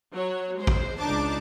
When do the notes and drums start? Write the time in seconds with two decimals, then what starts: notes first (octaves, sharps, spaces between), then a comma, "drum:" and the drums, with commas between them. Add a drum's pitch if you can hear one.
0.13 F#3 C#5
0.57 G#3 C5
0.67 drum: kick A1
0.98 C#2 D4 D#4 A5 D6